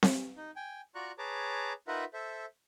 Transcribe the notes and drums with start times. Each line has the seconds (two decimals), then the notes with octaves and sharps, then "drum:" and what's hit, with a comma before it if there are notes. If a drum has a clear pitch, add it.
0.03 drum: snare C4
0.37 D#4
0.56 G5 G#5
0.95 F4 F#4 D5 A#5 C#6 F#6
1.18 G#4 B4 C#5 A5 A#5 D6
1.88 D#4 F4 A#4 B4 E5 F#5
2.13 A4 C5 E5